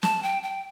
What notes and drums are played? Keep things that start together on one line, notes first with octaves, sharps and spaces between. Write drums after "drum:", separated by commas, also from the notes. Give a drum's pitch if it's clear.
A5, drum: snare
G5
G5